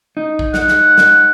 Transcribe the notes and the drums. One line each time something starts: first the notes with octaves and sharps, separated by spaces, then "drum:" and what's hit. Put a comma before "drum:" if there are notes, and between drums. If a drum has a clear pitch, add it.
D#4
drum: kick
F#5, drum: snare
drum: snare
drum: snare